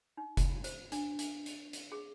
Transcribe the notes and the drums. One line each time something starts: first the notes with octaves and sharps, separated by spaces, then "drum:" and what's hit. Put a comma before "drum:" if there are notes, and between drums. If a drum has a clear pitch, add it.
D#4
drum: kick F1, hi-hat
C5, drum: hi-hat
D4, drum: hi-hat
D4, drum: hi-hat
drum: hi-hat
drum: hi-hat
G#4